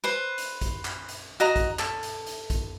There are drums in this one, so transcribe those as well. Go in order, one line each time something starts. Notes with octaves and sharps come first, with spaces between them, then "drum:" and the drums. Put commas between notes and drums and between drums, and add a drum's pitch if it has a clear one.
B4 C5
drum: hi-hat
drum: kick, hi-hat
drum: clap
drum: hi-hat
F#4 D#5 A#5
drum: kick, hi-hat
A4, drum: clap
drum: hi-hat
drum: hi-hat
drum: kick, hi-hat